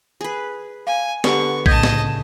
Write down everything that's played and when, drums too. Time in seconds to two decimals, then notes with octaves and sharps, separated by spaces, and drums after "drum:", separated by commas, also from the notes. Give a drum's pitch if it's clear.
0.21 G#4 B4
0.87 F5 G#5
1.24 D3 B3 G4 B4 C#6, drum: snare
1.66 A2 C#3 D#5 A5 G6 G#6 B6, drum: kick A#1
1.83 drum: snare